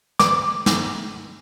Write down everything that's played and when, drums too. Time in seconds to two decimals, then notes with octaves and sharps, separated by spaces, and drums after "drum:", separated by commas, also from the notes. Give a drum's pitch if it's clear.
0.19 D6, drum: snare
0.66 drum: snare